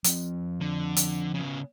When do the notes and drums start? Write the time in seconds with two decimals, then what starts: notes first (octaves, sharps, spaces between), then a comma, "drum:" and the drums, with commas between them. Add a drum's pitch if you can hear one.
0.04 F3 C4, drum: hi-hat
0.61 D3
0.97 drum: hi-hat
1.35 C#3 B3